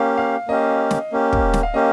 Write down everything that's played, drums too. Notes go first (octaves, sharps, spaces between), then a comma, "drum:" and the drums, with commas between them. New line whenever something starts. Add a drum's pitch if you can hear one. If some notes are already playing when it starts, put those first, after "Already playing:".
Already playing: A#3 C#4 G4 F5
F5
A#3 C#4 G4 D#5
drum: snare
A#3 C#4 G4
drum: kick
drum: snare
F5
A#3 C#4 G4 D#5